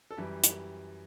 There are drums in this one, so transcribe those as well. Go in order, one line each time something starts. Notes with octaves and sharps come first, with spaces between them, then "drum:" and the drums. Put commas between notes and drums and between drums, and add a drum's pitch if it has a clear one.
A4
F#2 E3 G3 G4
drum: hi-hat